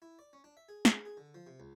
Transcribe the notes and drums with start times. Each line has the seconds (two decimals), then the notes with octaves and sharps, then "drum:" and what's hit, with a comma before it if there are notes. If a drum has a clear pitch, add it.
0.02 E4
0.19 D5
0.33 C#4
0.44 D4
0.57 E5
0.69 G#4
0.85 G#4, drum: snare
1.05 G#4
1.17 D3
1.35 F3
1.47 C3
1.60 C#2